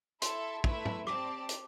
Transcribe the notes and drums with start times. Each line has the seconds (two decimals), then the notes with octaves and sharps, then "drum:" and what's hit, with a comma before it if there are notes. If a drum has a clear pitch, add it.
0.22 E4 A4 E5 A5 C6, drum: hi-hat
0.64 A3 E4 B4 E5, drum: kick
0.85 drum: tom G#2
1.07 C4 G4 D5 A5 D6, drum: rim click
1.49 drum: hi-hat